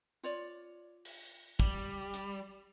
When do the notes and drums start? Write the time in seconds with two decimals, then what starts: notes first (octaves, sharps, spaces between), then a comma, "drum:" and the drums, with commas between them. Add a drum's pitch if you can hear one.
0.23 F4 C#5 D5
1.05 drum: open hi-hat
1.60 G3, drum: kick, hi-hat
2.14 drum: hi-hat